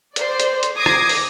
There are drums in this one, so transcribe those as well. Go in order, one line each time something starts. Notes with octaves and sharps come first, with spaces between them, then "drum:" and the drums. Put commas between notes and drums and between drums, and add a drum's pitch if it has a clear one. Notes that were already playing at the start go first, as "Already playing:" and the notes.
C5 D5, drum: hi-hat
drum: hi-hat
drum: hi-hat
D6 D#6 G#6 A#6 C7
drum: rim click
drum: open hi-hat